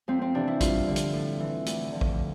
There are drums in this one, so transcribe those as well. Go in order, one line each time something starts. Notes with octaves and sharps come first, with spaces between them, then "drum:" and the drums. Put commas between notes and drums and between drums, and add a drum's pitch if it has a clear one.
F2 C4
C4
C3 E3 D4
E4
G2 F4, drum: kick, hi-hat
D3 F3
drum: hi-hat
A2
E3
D2, drum: hi-hat
D3 F3
drum: kick